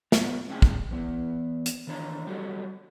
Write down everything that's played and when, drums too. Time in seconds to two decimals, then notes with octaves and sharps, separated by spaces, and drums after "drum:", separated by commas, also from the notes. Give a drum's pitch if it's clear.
0.12 F3 B3 A#4 E5, drum: snare
0.49 G#3 C4 C#4 G#4 G5 G#5
0.62 drum: kick
0.91 E3 B3
1.66 drum: hi-hat
1.87 D#3 E3 D4 C#5 A#5
2.27 F#3 G3 F#4 G4 A4 C#5